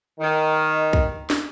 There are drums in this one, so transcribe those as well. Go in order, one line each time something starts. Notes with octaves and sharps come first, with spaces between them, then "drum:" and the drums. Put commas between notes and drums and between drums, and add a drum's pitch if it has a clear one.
D#3
drum: kick
drum: snare